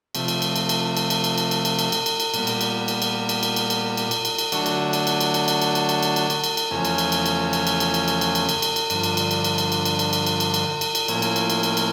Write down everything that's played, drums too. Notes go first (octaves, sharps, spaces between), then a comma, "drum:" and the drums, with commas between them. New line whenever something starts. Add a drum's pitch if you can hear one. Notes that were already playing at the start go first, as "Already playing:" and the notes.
C3 F3 A3, drum: cymbal
drum: cymbal
drum: cymbal
drum: cymbal
drum: cymbal
drum: cymbal
drum: cymbal
drum: cymbal
drum: cymbal
drum: cymbal
drum: cymbal
drum: cymbal
drum: cymbal
drum: cymbal
drum: cymbal
A#2 G3 B3, drum: cymbal
drum: cymbal
drum: cymbal
drum: cymbal
drum: cymbal
drum: cymbal
drum: cymbal
drum: cymbal
drum: cymbal
drum: cymbal
drum: cymbal
drum: cymbal
drum: cymbal
D3 F#3 A3 D4 F#4, drum: cymbal
drum: cymbal
drum: cymbal
drum: cymbal
drum: cymbal
drum: cymbal
drum: cymbal
drum: cymbal
drum: cymbal
drum: cymbal
drum: cymbal
drum: cymbal
drum: cymbal
drum: cymbal
drum: cymbal
E2 C#3 F3 A3 C#4
drum: cymbal
drum: cymbal
drum: cymbal
drum: cymbal
drum: cymbal
drum: cymbal
drum: cymbal
drum: cymbal
drum: cymbal
drum: cymbal
drum: cymbal
drum: cymbal
drum: cymbal
drum: cymbal
G2 D3 F3, drum: cymbal
drum: cymbal
drum: cymbal
drum: cymbal
drum: cymbal
drum: cymbal
drum: cymbal
drum: cymbal
drum: cymbal
drum: cymbal
drum: cymbal
drum: cymbal
drum: cymbal
drum: cymbal
drum: cymbal
A2 F3 A#3 C#4 E4, drum: cymbal
drum: cymbal
drum: cymbal
drum: cymbal
drum: cymbal
drum: cymbal